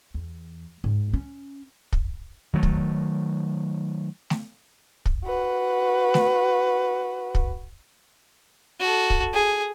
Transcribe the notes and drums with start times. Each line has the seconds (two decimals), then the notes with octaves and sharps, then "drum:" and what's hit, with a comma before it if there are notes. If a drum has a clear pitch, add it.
0.14 E2
0.84 G#2
1.13 C#4
1.93 drum: kick
2.53 D#3 F#3 A3
2.63 drum: kick
4.30 drum: snare A3
5.06 drum: kick
5.25 F#4 B4
6.14 drum: snare A3
7.35 drum: kick
8.80 F#4 A4
9.10 drum: kick
9.34 G#4